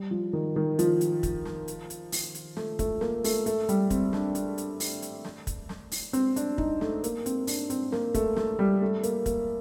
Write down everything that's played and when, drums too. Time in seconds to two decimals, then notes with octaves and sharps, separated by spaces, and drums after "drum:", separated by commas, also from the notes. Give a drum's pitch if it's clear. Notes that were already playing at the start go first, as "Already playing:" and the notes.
Already playing: G3
0.11 F3
0.33 D#3
0.56 D#3
0.79 F3, drum: hi-hat
1.01 drum: hi-hat
1.23 drum: kick, hi-hat
1.45 drum: snare
1.68 drum: hi-hat
1.90 drum: hi-hat
2.12 drum: open hi-hat
2.35 drum: hi-hat
2.57 A3, drum: snare
2.79 A3, drum: kick, hi-hat
3.01 A#3, drum: snare
3.24 A3, drum: open hi-hat
3.46 A3, drum: hi-hat
3.69 G3, drum: hi-hat
3.90 C4, drum: kick, hi-hat
4.13 D4, drum: snare
4.35 D4, drum: hi-hat
4.58 drum: hi-hat
4.80 drum: open hi-hat
5.02 drum: hi-hat
5.25 drum: snare
5.47 drum: kick, hi-hat
5.69 drum: snare
5.92 drum: open hi-hat
6.13 C4, drum: hi-hat
6.36 D4, drum: hi-hat
6.58 D#4, drum: kick
6.81 A3, drum: snare
7.04 A#3, drum: hi-hat
7.26 C4, drum: hi-hat
7.47 D4, drum: open hi-hat
7.70 C4, drum: hi-hat
7.92 A#3, drum: snare
8.14 A3, drum: kick, hi-hat
8.36 A3, drum: snare
8.59 G3
8.82 A3
9.03 A#3, drum: hi-hat
9.26 A#3, drum: kick, hi-hat